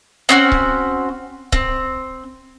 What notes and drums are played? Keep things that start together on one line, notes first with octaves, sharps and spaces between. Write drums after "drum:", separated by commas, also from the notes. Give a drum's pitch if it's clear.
C4 C#4 F#4
drum: kick C#1
C4, drum: kick C#1